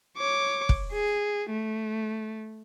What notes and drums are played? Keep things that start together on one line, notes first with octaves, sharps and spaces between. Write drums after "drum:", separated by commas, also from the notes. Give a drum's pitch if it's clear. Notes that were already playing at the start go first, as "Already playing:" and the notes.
C#5 D6
drum: kick
G#4
A3